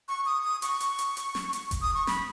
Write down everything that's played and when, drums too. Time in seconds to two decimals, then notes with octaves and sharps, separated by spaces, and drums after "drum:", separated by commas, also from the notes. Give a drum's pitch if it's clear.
0.08 C#6
0.26 D#6
0.44 D#6
0.62 C#6, drum: hi-hat
0.80 drum: hi-hat
0.99 drum: hi-hat
1.17 drum: hi-hat
1.35 drum: snare
1.53 drum: hi-hat
1.71 drum: kick F#1, hi-hat
1.82 D#6
1.94 C#6
2.07 B5, drum: snare